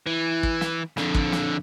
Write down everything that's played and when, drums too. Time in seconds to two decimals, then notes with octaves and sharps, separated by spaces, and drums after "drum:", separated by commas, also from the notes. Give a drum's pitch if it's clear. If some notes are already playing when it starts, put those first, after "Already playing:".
0.06 E3
0.43 drum: kick
0.61 drum: snare
0.97 F2 D3, drum: snare
1.14 drum: kick
1.32 drum: snare